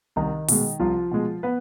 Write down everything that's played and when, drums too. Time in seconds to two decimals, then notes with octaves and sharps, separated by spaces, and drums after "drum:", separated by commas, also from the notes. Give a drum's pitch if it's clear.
0.16 C2 D#3 D#4
0.48 B2 G#3, drum: open hi-hat
0.79 C2 F3 F4
1.11 B2 G#3
1.43 B3 B4